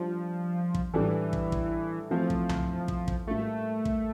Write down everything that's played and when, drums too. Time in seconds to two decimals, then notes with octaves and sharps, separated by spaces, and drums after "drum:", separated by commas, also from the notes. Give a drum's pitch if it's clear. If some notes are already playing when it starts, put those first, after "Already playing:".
Already playing: F3 G3 D4 F4
0.74 drum: kick
0.94 A2 E3 G3 D4 A4
1.33 drum: kick
1.52 drum: kick
2.11 E3 F3 A3 C4 F4
2.30 drum: kick
2.49 drum: tom C2
2.88 drum: kick
3.08 drum: kick
3.27 A2 G3 A3 A#3 F4
3.85 drum: kick